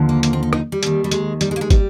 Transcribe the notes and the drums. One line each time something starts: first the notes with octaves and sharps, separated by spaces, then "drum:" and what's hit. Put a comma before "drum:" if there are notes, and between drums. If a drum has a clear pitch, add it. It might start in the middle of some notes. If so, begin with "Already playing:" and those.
Already playing: D#2 D3 F3
A#3
A#3, drum: hi-hat
C4
D#4
D#4, drum: rim click
G3
D#2 D#3, drum: hi-hat
G3
G#3, drum: hi-hat
G3, drum: hi-hat
G#3
A#3
G#3
G3, drum: kick, hi-hat